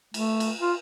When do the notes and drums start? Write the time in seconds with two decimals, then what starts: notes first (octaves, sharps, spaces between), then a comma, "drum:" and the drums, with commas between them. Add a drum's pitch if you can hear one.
0.14 A3, drum: cymbal
0.40 drum: cymbal
0.61 F4